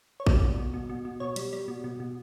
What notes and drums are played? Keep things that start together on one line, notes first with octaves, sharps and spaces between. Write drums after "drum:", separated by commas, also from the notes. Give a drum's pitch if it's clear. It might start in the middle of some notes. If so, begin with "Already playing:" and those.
C#5
G3 D5, drum: kick A1
B2
B2
B2
B2
B2
B2 C#5
G3, drum: hi-hat
G3
B2
B2
B2